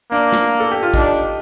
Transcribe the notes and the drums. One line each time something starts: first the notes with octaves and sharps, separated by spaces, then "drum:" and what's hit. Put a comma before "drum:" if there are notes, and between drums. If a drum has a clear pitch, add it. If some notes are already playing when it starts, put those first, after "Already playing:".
A#3 D4
drum: snare
A4
G4
F4
D4 D#4, drum: kick